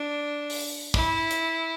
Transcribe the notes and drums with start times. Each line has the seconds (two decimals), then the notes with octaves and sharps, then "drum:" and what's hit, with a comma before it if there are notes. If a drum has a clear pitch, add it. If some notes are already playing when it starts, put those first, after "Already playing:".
Already playing: D4
0.50 drum: open hi-hat
0.94 E4, drum: kick
1.31 drum: hi-hat